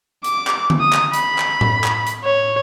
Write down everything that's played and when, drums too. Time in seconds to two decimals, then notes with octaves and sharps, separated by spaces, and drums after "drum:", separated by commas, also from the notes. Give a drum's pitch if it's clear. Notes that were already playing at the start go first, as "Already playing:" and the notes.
0.24 D6, drum: hi-hat
0.47 drum: clap
0.70 drum: tom D3
0.81 D#6
0.93 drum: clap
1.13 B5, drum: hi-hat
1.38 drum: clap
1.61 drum: tom A2
1.84 drum: clap
2.07 drum: hi-hat
2.24 C#5